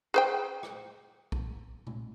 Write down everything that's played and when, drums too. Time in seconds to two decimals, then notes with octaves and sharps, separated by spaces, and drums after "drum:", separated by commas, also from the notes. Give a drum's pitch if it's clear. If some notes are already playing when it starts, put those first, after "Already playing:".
0.14 G#4 C5 G5
0.63 drum: rim click
1.32 drum: kick
1.87 drum: tom B2